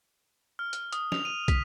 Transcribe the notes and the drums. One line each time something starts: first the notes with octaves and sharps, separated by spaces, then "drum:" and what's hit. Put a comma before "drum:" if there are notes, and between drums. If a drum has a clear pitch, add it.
F6
drum: hi-hat
D#6, drum: hi-hat
F7, drum: snare
D#7
B6, drum: kick, hi-hat